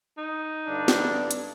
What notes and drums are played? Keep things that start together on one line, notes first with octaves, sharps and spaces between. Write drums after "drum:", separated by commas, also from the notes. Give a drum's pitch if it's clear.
D#4
G2 D3 D4
drum: snare
drum: hi-hat